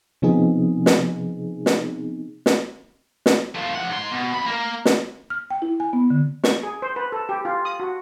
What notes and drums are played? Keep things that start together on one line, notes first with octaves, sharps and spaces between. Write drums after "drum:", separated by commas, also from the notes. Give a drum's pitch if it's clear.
C3 F3 B3 C4 D#4 G#4
drum: snare
drum: snare
drum: snare
drum: snare
A3 F4
F3 F#5
G#2 C6
B2
F2 B5
A#3 A#4
drum: snare
F6
G5
E4
G#5
B3
D3
C#6, drum: snare
G#4
C5
B4
A4
G4
F4
D#6
F#4